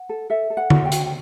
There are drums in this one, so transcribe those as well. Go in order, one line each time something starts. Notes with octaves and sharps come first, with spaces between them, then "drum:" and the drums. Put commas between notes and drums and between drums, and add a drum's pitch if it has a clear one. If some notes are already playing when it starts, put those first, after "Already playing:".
Already playing: F#5
A4
A4 E5
A4
F#5
F#4, drum: tom D3
G5
F#4, drum: hi-hat
G5